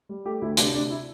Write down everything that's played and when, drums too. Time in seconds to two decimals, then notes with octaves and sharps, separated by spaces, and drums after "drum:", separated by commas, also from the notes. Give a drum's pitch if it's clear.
0.09 G3
0.25 A3 G4
0.42 D2 E4
0.57 C3 D4, drum: hi-hat
0.74 D2 D4
0.90 E4